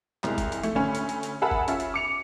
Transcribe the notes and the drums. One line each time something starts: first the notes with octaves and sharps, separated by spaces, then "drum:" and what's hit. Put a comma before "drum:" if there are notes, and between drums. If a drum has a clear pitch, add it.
C2 G#3, drum: clap
drum: kick, hi-hat
drum: hi-hat
A3, drum: hi-hat
D2 A3 C#4 B5
drum: hi-hat
drum: hi-hat
drum: hi-hat
G#4 A#4 E5 F#5 A5 B5
drum: kick
C#4 F4 E5, drum: hi-hat
drum: hi-hat
D6 C#7 F7